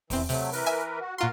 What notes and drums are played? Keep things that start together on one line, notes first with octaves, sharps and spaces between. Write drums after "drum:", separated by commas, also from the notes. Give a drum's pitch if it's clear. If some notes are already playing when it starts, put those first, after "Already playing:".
E2 E3 C4, drum: kick D#2, open hi-hat
C3 F#3 A3, drum: open hi-hat
E3 A#4 B4, drum: open hi-hat
E5 G#5
F#4
A#2 F4 F#4 A#4 C6